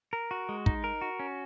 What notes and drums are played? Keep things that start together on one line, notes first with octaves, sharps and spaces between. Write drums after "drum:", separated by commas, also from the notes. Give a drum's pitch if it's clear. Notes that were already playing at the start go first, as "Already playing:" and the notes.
A#4
F#4
G#3
D#4, drum: kick
A#4
F#4
C#4